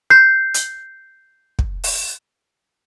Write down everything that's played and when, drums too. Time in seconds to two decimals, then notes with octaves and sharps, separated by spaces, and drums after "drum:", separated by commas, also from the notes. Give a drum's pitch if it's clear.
0.10 G6 C7
0.54 drum: hi-hat
1.59 drum: kick
1.84 drum: open hi-hat